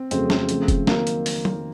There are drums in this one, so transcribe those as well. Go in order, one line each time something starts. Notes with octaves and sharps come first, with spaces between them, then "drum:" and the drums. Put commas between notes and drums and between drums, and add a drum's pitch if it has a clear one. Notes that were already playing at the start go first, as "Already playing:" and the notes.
Already playing: C4
F2 C#3 F#3 A3 C4, drum: hi-hat
drum: snare
C#3 F3 A3, drum: hi-hat
drum: kick F1, hi-hat
D#3 F#3 A#3, drum: snare
drum: hi-hat
drum: open hi-hat
drum: tom F#3